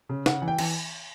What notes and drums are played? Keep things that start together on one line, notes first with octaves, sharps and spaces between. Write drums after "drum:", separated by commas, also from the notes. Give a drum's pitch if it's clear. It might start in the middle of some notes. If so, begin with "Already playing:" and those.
C#3
C#3 F#5, drum: snare
E3
G5
E3, drum: cymbal